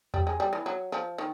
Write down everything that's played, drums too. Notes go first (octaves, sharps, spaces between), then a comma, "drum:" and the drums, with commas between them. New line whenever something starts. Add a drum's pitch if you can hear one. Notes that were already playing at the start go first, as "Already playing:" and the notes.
G3, drum: tom E2
G#3
G3
E3
F#3
F3
D#3